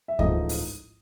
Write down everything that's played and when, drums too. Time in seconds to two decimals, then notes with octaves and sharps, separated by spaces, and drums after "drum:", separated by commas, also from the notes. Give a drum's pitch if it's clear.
0.08 E5
0.19 A1 G#2 F3 A3 D#4 D#5, drum: kick D2
0.49 drum: open hi-hat